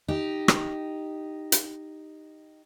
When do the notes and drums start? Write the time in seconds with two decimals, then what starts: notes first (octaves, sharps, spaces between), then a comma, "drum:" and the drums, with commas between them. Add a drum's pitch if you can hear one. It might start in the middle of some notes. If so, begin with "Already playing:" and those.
0.08 D#4 G4
0.48 drum: rim click
1.52 drum: hi-hat